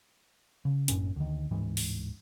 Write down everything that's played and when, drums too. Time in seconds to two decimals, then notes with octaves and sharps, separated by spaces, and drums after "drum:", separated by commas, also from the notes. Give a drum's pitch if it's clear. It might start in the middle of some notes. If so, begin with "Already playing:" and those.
0.65 C#3
0.88 F#1 F#2 A2 C#4, drum: hi-hat
1.16 D2 D#3
1.51 D1 G#2 E3
1.77 drum: open hi-hat